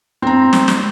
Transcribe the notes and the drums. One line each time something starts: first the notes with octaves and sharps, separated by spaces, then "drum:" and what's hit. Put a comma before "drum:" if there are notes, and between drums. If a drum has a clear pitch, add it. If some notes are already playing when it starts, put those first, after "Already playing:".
C4 A#5
drum: snare
drum: snare